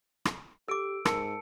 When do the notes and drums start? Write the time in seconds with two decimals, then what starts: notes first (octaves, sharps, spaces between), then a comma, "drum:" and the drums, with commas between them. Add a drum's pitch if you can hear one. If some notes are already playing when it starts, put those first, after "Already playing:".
0.25 drum: rim click
0.68 G4 A4 D6 E6 D7
1.05 G#2 A#4 A5 C#7, drum: rim click